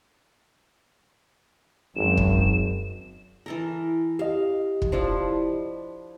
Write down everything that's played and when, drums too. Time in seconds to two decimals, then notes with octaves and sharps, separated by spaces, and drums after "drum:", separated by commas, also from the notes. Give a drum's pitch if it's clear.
1.95 G#1 F#2 E7
2.17 drum: kick
3.46 E3 A4 A#4
4.19 G4 D#5 F5
4.82 drum: kick
4.92 F3 D4 E4